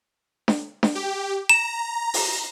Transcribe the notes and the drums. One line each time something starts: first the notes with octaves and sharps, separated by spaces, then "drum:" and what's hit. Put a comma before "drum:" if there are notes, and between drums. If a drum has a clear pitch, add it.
drum: snare D4
drum: snare D4
G4
A#5 E7
drum: open hi-hat